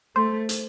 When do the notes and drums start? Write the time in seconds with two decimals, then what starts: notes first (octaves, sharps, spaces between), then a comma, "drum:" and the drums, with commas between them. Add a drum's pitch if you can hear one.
0.16 A3 C5
0.49 drum: hi-hat